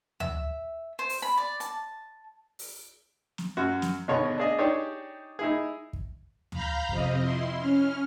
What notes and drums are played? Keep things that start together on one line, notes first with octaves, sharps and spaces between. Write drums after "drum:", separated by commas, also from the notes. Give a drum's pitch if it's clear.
E5, drum: tom D2
C5
drum: open hi-hat
B5
D5
A5, drum: hi-hat
drum: open hi-hat
drum: snare
F#2 F#4
drum: snare
G#1 B2 D3 B3 C#5 F#5
D4 G#4 D#5
D4 D#4 G4 G#4 C#5 D5
D#4 E4 G#4
drum: kick
F5 A#5 B5 F6 G6, drum: tom D2
F2 C3 C4 D#5, drum: kick
E4 C6
C#4 F6